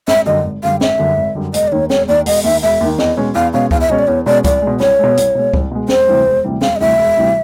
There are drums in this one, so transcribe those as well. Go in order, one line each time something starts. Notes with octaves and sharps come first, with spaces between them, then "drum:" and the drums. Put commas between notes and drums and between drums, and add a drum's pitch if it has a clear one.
G#1 E5, drum: snare
F#2 D3 G3 D#5
G#1
F#2 D3 G3 F5
G#1 E5, drum: snare
F#2 D3 G3
G#1
F#2 D3 G3
E1 D#5, drum: hi-hat
D5
D#2 D#3 C#5
E1 C#5, drum: snare
D#2 D#3 D5
E1 D#5, drum: open hi-hat
D#2 D#3 E5
E1 E5
D#2 D#3
E2 D#5, drum: snare
B2 G#3 C#4
E2 F5
B2 G#3 C#4 F5
E2 F5, drum: kick C#2
E5
B2 G#3 C#4 D#5
D5
E2 C#5
B2 G#3 C#4 D5
C2 D5, drum: kick C#2, hi-hat
G#3
B2
C2 C#5, drum: snare
B2 G#3
C2, drum: hi-hat
B2 G#3
C2, drum: kick C#2
B2 G#3
E1 C5, drum: snare
D2 C3 E3 G3
E1
D2 C3 E3 G3
E1 F5, drum: snare
D#5
D2 C3 E3 G3 E5
E1
D2 C3 E3 G3